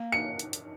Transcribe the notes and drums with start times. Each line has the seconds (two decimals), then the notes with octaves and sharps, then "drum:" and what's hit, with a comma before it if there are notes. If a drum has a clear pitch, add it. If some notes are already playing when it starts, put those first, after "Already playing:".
Already playing: A#3
0.12 C#7
0.39 drum: hi-hat
0.53 drum: hi-hat